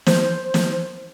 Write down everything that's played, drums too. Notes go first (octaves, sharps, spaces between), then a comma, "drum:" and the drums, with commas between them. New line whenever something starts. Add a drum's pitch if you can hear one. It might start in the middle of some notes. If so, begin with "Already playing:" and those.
C5, drum: snare
drum: snare